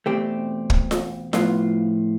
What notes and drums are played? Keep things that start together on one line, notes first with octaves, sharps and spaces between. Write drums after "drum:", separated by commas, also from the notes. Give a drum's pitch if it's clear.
E2 B2 A3 C4 G4
drum: kick
drum: snare F4
A2 F3 B3 F4, drum: snare F4